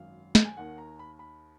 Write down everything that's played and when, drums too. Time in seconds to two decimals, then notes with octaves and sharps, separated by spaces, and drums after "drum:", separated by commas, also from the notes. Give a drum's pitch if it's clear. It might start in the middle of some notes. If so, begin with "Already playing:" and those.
Already playing: G#1 F#2 D#3 F5
0.35 drum: snare
0.45 G#5
0.57 D#2 D#3 F#5
0.78 A#5
0.99 B5
1.19 B5